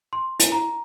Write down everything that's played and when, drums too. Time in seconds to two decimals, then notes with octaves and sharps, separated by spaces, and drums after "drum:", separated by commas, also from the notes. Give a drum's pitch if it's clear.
0.13 C6
0.40 E4, drum: hi-hat
0.52 A#5